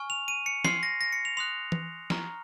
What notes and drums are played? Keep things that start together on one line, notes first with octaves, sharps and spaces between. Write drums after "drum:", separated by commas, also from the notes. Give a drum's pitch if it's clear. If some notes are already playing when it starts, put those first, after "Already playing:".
Already playing: G#5 C#6 F6
F7
D#7
C#7
C6 F6 C7, drum: snare
A#6
A#6
C#7
F7
C6 D#6 F#6 F7
drum: tom E3
A#5 C#6 F6, drum: snare